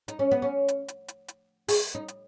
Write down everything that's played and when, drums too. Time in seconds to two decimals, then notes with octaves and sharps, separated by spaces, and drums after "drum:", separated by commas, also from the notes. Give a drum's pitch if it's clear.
0.08 D#4, drum: hi-hat
0.19 C#4
0.31 B3
0.42 C#4
0.68 drum: hi-hat
0.88 drum: hi-hat
1.08 drum: hi-hat
1.28 drum: hi-hat
1.68 G#4, drum: open hi-hat
1.95 D#4
2.08 drum: hi-hat